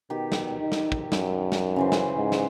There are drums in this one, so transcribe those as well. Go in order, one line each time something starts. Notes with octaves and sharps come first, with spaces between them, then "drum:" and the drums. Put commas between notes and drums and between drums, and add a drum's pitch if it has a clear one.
B2 D#3 G4
drum: snare
D#4
drum: snare
drum: kick
F#2, drum: snare
drum: snare
C#3 E3 C5
drum: snare
G#2
drum: snare